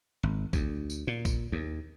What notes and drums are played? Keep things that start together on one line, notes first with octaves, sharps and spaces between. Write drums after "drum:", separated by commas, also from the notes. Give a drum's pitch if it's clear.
G#1
D2, drum: kick, tambourine
drum: tambourine
A#2
drum: kick, tambourine
D#2